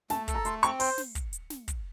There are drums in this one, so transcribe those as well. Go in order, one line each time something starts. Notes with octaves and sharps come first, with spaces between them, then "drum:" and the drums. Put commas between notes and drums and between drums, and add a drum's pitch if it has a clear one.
A3 A5, drum: snare
A4, drum: kick, hi-hat
A#5
A3 C6, drum: hi-hat
C4 C#6, drum: hi-hat
C5 C6, drum: open hi-hat
drum: snare
drum: kick, hi-hat
drum: hi-hat
drum: snare
drum: kick, hi-hat